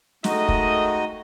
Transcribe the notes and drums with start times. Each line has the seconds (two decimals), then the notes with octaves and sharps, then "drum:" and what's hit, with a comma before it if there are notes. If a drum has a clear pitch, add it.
0.24 D#3 G#3 A3 D#4 F#4 D#5, drum: snare
0.49 drum: kick